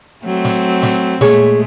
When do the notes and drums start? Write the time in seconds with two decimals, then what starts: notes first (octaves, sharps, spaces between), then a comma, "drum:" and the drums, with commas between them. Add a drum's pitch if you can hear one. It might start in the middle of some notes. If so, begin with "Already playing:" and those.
0.24 F#3 A3 C4
0.45 drum: snare
0.83 drum: snare
1.21 A#2 G#3 A3 G#4 C#5, drum: snare